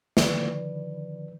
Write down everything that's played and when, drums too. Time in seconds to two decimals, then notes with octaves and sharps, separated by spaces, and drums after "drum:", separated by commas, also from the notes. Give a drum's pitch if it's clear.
0.17 D3 D#3 F3 B4 D5, drum: snare